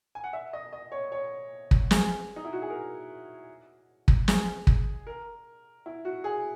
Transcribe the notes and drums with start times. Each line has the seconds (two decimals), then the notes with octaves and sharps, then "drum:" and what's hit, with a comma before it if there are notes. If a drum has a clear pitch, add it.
0.15 G#5
0.24 F#5
0.33 E5
0.53 D#5
0.73 D#5
0.92 C#5
1.12 C#5
1.71 drum: kick
1.91 G#4, drum: snare
2.36 D#4
2.45 E4
2.53 F#4
2.62 G#4
2.70 A#4
4.08 drum: kick
4.28 G#4, drum: snare
4.67 drum: kick
5.07 A#4
5.86 E4
6.05 F#4
6.24 G#4